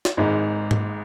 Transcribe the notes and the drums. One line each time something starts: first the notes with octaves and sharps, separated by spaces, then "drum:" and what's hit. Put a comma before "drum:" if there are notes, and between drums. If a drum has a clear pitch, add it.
drum: snare
G#1 G#2 G#3 D#4
drum: tom G#2